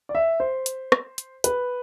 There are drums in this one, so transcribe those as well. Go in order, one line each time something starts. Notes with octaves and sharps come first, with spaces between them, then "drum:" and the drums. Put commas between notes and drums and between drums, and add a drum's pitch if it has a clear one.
D5
E5
C5
drum: hi-hat
drum: rim click
drum: hi-hat
B4, drum: hi-hat